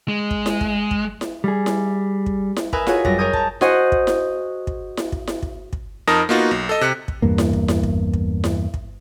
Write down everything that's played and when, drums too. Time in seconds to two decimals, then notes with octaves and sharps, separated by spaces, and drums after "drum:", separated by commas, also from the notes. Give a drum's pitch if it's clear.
0.08 G#3
0.31 drum: kick
0.46 drum: snare E4
0.61 drum: kick
0.91 drum: kick
1.21 drum: snare E4
1.44 G3 G#4
1.66 drum: snare E4
2.26 drum: kick
2.56 drum: snare E4
2.73 A#4 B4 D#5 E5 G#5, drum: kick
2.87 F4 F#4 G#4 C#5 G#5, drum: snare E4
3.05 F#2 G3 A#6, drum: kick
3.18 A#4 C#5 G#5 D#6 G6
3.33 A5 A#5, drum: kick
3.61 F#4 G#4 C5 D#5 F#5, drum: snare E4
3.92 drum: kick
4.07 drum: snare E4
4.67 drum: kick
4.97 drum: snare E4
5.12 drum: kick
5.27 drum: snare E4
5.43 drum: kick
5.73 drum: kick
6.08 F2 D#4 A#4 A5 D#6 A#6
6.29 A#3 B3 D#4 F4 F#4
6.51 B1
6.69 A4 D#5
6.81 C3 F#6 C#7
7.08 drum: kick
7.22 E2 G2 A#3
7.38 drum: snare E4
7.53 drum: kick
7.68 drum: snare E4
7.83 drum: kick
8.14 drum: kick
8.44 drum: snare E4
8.74 drum: kick